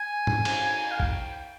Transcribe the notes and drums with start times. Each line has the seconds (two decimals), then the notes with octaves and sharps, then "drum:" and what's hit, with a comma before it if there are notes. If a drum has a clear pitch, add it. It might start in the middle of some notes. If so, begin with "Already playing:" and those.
Already playing: G#5
0.27 drum: tom
0.45 drum: cymbal
0.91 F5
1.00 G5, drum: kick